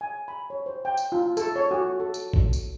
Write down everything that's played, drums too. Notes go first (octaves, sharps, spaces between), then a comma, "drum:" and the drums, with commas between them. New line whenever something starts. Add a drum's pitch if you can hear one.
G#5
B5
C#5
C5
G5
drum: tambourine
F4
A4, drum: tambourine
C#5
F#4
A4
drum: tambourine
drum: kick G#1
drum: tambourine